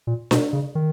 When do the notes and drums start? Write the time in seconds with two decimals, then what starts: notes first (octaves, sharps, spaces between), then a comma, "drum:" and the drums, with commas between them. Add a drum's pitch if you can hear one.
0.07 A#2
0.31 B2, drum: snare D4
0.53 C#3
0.75 D#3